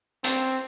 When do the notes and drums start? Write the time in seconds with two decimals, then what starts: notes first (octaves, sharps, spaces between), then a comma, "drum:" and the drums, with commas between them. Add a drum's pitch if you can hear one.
0.24 C4, drum: hi-hat